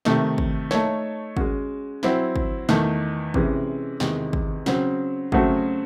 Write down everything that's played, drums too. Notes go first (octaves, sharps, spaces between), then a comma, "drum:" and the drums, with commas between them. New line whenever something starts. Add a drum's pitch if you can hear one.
C3 D#3 A3 D#4, drum: snare
drum: kick
A3 D#4 A4 C#5, drum: snare
G#3 C#4 F#4, drum: kick
F#3 C4 E4, drum: snare
drum: kick
E2 D#3 A3, drum: snare
C3 E3 G#3 C#4, drum: kick
E2 C3 D#3 G#3, drum: snare
drum: kick
C#3 F#3 C4, drum: snare
C#3 F#3 A3 C4 F#4, drum: kick